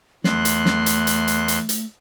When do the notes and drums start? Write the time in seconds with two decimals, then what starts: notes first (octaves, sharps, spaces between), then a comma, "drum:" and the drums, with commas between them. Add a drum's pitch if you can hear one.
0.24 E2 A3 C6 F#6, drum: snare
0.45 drum: hi-hat
0.66 drum: snare
0.86 drum: hi-hat
1.07 drum: hi-hat
1.27 drum: hi-hat
1.48 drum: hi-hat
1.69 drum: hi-hat